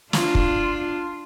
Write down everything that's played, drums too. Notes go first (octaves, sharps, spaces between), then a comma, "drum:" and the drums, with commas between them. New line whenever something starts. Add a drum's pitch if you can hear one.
D4 F4, drum: snare
drum: kick